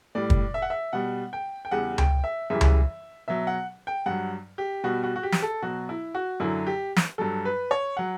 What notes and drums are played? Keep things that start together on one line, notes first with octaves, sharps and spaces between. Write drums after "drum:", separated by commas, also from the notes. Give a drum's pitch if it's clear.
A2 G3 D5
drum: kick
E5
F#5
E5
B2 G3 F#5
G5
G5
E2 C#3 G3 F#5
G5, drum: tom C#2
E5
F#2 C#3 E3 G3 E5
drum: tom C#2
B2 F#3 E5
F#5
G5
G2 F#3 F#5
G4
B2 G3 F#4
F#4
F#4
G4
drum: snare
A4
B2 F#3 F#4
E4
F#4
F#2 D3 F#3 E4
G4
drum: snare
G2 F#3 A4
B4
C#5
F#3 F#5